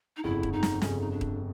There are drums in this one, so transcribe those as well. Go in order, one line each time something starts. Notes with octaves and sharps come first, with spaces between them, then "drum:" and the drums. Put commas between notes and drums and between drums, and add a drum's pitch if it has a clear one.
D#4
G1 F2 C#3 E4
drum: kick D#1
D#4
drum: snare
G1 F2 C#3 C#4, drum: snare
D#4
D4
drum: kick D#1